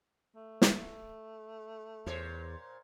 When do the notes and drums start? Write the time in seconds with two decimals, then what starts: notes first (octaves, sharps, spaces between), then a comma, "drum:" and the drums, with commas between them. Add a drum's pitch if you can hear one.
0.36 A3
0.62 drum: snare
2.06 E2 A#2 C5 C#5